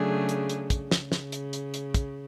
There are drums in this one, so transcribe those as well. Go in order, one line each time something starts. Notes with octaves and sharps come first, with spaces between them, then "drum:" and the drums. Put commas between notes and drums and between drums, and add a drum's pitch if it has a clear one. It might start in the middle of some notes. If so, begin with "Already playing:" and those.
Already playing: C#3 F#3 A3 D4 G#4
drum: hi-hat
drum: hi-hat
drum: kick, hi-hat
C#3, drum: snare
drum: snare
drum: hi-hat
drum: hi-hat
drum: hi-hat
drum: kick, hi-hat